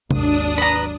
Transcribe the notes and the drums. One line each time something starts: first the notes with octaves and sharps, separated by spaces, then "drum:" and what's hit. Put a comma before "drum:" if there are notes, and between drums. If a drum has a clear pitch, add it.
G#1 D#2 F#3 D4 D#6, drum: tom C3
B4 A#5